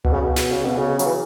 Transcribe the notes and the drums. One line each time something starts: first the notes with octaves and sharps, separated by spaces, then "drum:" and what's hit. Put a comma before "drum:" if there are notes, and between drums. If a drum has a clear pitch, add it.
B2, drum: tom C#2
C#3
B2
drum: snare
C#3
B2, drum: tom B3
C#3
F#3, drum: hi-hat
E3